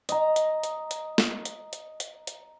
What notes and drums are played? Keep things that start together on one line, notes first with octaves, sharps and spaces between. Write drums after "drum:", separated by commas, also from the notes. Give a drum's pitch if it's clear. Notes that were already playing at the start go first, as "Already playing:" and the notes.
D#5 A#5, drum: hi-hat
drum: hi-hat
drum: hi-hat
drum: hi-hat
drum: snare
drum: hi-hat
drum: hi-hat
drum: hi-hat
drum: hi-hat